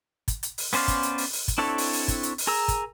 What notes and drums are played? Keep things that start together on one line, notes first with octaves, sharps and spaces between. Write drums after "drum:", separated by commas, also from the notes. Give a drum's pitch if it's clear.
drum: kick, hi-hat
drum: hi-hat
drum: open hi-hat
B3 C#4 C5 D5 F5, drum: open hi-hat
drum: kick, hi-hat
drum: hi-hat
drum: open hi-hat
drum: open hi-hat
drum: kick, hi-hat
C4 D4 E4 A4 C#5
drum: open hi-hat
drum: open hi-hat
drum: kick, hi-hat
drum: hi-hat
drum: open hi-hat
G#4 A#4 A#5 E6
drum: kick, hi-hat